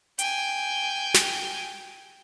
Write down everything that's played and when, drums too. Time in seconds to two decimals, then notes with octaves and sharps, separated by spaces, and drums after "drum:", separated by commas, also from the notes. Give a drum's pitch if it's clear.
0.19 G5 G#5, drum: hi-hat
1.14 drum: snare